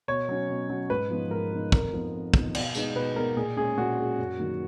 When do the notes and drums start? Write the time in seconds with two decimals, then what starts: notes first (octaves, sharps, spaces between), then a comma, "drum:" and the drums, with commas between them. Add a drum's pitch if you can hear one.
0.08 B2 C#5
0.29 F#3 C#4
0.49 B2
0.69 F#3 C#4
0.90 G#2 B4
1.10 F3 B3 D#4
1.31 G#2 A#4
1.52 F3 B3 D#4
1.72 F2 A#4, drum: kick
1.92 F3 B3 D#4
2.13 F2
2.34 F3 B3 D#4, drum: kick
2.55 B2, drum: cymbal
2.75 G#3 B3 D#4, drum: tambourine
2.95 B2 B4
3.16 G#3 B3 D#4 A#4
3.37 A#2 G#4
3.57 G#3 C#4 G#4
3.77 A#2 F#4
3.98 G#3 C#4
4.18 F#2
4.39 D#3 F#3 A#3